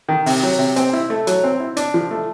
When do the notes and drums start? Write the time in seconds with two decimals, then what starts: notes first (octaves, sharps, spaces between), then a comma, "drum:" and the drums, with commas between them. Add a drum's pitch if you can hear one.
0.09 D#3
0.26 C3, drum: open hi-hat
0.43 F#3
0.59 C3
0.76 C4, drum: hi-hat
0.93 E4
1.10 A3
1.27 F#3, drum: hi-hat
1.44 C4
1.60 E4
1.77 D4, drum: hi-hat
1.94 F3
2.11 A3